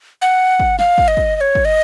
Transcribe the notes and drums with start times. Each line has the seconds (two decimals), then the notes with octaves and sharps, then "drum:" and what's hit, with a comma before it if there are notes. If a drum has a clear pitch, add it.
0.22 F#5
0.60 drum: kick
0.79 F5, drum: snare
0.98 drum: kick
1.08 D#5
1.17 drum: kick
1.36 D#5
1.41 C#5
1.55 drum: kick
1.65 D#5